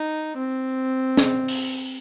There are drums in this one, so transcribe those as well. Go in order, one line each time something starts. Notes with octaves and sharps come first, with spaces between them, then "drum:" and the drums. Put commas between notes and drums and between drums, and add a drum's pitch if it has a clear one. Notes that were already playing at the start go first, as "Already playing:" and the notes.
Already playing: D#4
C4
drum: snare
drum: open hi-hat